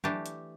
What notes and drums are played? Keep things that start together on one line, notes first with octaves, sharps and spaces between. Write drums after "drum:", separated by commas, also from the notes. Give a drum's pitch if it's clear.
E3 A3 D4 G4, drum: tom F#3
drum: hi-hat